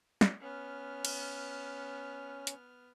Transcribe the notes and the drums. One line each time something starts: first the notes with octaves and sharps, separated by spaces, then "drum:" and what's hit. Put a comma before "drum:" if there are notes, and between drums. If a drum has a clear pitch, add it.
drum: snare
B3 C#4 F6
drum: cymbal
drum: hi-hat